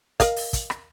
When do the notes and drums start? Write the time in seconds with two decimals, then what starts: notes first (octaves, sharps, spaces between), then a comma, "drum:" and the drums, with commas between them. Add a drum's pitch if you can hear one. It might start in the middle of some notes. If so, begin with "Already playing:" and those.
0.20 A#4 D#5 F5, drum: kick, hi-hat
0.36 drum: open hi-hat
0.53 drum: kick, hi-hat
0.70 drum: rim click